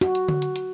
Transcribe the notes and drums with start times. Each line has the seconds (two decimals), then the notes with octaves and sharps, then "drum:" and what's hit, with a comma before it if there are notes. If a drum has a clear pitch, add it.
0.01 F#4, drum: hi-hat
0.15 drum: hi-hat
0.29 drum: tom D3
0.42 drum: hi-hat
0.56 drum: hi-hat